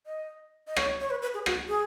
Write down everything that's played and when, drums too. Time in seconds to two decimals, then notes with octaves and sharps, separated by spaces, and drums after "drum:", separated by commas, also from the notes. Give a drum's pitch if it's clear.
0.06 D#5
0.67 D#5
0.76 C#5, drum: rim click
1.00 C#5
1.10 B4
1.22 B4
1.34 G#4
1.46 F#4, drum: rim click
1.68 G#4